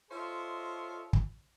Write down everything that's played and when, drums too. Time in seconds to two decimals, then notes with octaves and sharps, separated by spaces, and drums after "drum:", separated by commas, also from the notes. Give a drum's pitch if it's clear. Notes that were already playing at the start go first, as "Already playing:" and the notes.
0.11 F4 A4 C5 C#5 D#5 E5
1.13 drum: kick